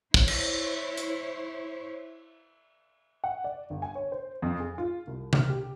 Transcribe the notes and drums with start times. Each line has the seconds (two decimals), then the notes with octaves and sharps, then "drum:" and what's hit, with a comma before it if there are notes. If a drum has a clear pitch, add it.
0.14 E4 C5 C#5, drum: kick
0.28 drum: cymbal
0.97 drum: hi-hat
3.24 F#5
3.44 D5
3.70 G1
3.82 G#5
3.95 C#5
4.12 C5
4.42 F2
4.60 G#4
4.78 F4
5.07 C2
5.33 F6, drum: tom C3
5.49 G4